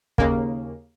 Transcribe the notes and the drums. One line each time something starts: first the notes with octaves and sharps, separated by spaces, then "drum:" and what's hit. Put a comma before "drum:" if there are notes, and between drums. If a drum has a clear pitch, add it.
D#2 C#3 A#3, drum: kick